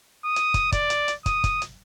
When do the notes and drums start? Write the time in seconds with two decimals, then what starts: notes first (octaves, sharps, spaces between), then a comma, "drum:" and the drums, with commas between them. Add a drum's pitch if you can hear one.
0.24 D#6
0.36 drum: hi-hat
0.54 drum: kick, hi-hat
0.72 D5, drum: kick, hi-hat
0.90 drum: hi-hat
1.08 drum: hi-hat
1.26 D#6, drum: kick, hi-hat
1.44 drum: kick, hi-hat
1.62 drum: hi-hat